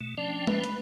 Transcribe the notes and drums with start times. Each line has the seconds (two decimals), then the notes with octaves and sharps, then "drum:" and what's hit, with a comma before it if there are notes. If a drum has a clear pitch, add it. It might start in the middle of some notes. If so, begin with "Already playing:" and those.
0.01 B2 A3
0.18 F3 C#4 D4 G5
0.47 B4, drum: tom
0.64 drum: hi-hat